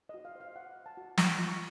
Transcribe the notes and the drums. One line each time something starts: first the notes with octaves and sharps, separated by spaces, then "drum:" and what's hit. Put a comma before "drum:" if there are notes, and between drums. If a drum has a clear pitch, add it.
F#4 D#5
F5
C5 F5
F#4 F#5
C5
A5
F#4
F4 C#6, drum: snare
F4
C#6